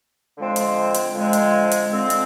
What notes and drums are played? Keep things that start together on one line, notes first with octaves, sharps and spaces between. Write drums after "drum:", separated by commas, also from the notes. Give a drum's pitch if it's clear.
D3 F3 G#3 C4
drum: hi-hat
drum: hi-hat
D3 F3 G#3 C4
drum: hi-hat
drum: hi-hat
D3 F3 G#3 C4
drum: hi-hat